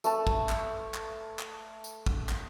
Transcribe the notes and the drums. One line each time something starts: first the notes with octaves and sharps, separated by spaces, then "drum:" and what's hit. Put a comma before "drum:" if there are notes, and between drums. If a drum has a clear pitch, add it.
A3 B4 A5, drum: tambourine
drum: kick
drum: clap
drum: clap
drum: clap
drum: tambourine
drum: kick
drum: clap